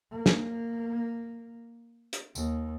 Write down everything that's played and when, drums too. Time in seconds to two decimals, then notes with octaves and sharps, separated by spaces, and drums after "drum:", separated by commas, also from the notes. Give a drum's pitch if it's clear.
0.12 A#3
0.26 drum: snare
2.13 drum: hi-hat
2.35 D#2, drum: tambourine